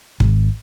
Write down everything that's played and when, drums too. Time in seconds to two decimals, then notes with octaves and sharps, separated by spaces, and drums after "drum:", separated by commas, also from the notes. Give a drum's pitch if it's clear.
0.20 G#1, drum: kick